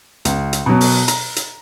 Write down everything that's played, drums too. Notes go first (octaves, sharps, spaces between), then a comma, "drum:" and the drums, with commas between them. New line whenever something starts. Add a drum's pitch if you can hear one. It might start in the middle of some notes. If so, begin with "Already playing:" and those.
C#2, drum: hi-hat
drum: hi-hat
B2 F#3
drum: open hi-hat
A#5, drum: hi-hat
drum: hi-hat